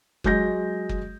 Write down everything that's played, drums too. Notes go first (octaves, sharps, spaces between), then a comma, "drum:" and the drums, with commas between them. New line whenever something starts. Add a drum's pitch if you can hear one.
F#3 G#3 G6 A#6, drum: kick F#1
drum: kick F#1